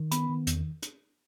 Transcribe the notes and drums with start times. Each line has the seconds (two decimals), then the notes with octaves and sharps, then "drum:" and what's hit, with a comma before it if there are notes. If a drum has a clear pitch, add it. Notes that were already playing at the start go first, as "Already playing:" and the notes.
Already playing: D#3
0.12 B3 B5, drum: hi-hat
0.29 D#3
0.47 E2, drum: hi-hat
0.82 drum: hi-hat